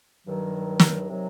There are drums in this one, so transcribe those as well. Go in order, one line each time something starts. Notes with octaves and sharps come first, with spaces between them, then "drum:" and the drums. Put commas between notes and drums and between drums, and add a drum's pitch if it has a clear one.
G2 D#3 F#3
drum: snare
C3 D#3 F#3